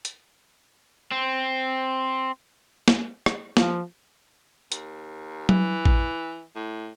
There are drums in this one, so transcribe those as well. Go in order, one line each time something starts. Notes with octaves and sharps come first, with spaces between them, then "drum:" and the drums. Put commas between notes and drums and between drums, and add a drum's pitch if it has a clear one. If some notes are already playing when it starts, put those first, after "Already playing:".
drum: hi-hat
C4
drum: snare
drum: rim click
F3, drum: snare
D#2, drum: hi-hat
E3, drum: tom F#3
drum: kick A1
A2